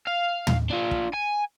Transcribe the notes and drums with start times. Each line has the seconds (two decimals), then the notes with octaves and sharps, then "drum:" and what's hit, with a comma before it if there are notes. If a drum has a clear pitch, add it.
0.07 F5
0.47 drum: tom
0.70 D4 F4
0.91 drum: kick
1.13 G#5